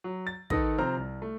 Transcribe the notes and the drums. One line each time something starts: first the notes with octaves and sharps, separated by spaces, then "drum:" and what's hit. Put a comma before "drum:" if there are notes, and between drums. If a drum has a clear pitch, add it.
F#3
A6
D#3 D#4 A4 B4 D#6 A#6, drum: kick
C3 F3 C4 C5 A#5 F6
C2
A3